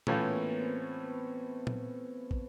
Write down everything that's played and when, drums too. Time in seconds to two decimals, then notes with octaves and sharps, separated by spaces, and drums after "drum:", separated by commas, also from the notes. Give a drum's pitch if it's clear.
0.07 A2 E3 A3 C#4 F4, drum: tom A#2
0.18 B3 B4
0.28 A#3 A#4
0.39 A#3 A#4
0.49 B3 B4
0.60 C4 C5
1.03 B3 B4
1.67 drum: tom A#2
2.31 drum: kick